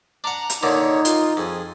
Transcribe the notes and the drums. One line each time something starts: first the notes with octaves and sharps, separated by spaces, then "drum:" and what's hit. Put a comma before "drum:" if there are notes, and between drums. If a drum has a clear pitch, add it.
D4 F#5 A#5
drum: hi-hat
A#2 D3 D#3 D#4 C#5
F4 C6, drum: hi-hat
F2 G#4